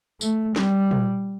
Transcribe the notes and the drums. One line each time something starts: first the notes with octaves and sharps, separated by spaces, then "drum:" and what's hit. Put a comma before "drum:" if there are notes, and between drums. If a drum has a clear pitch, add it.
A3, drum: tambourine
G3, drum: snare
drum: tom A#2